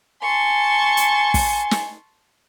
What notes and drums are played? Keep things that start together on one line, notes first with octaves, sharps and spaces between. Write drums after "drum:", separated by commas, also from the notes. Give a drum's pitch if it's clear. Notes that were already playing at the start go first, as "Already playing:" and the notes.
G#5 A5 C6 C#6
drum: hi-hat
drum: kick, open hi-hat
drum: snare